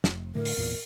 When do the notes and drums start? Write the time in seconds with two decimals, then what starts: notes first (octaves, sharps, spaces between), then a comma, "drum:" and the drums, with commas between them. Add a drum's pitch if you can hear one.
0.04 F1, drum: snare
0.35 A2 D3 A3 A#4
0.45 drum: open hi-hat
0.57 G#1 E2 A#2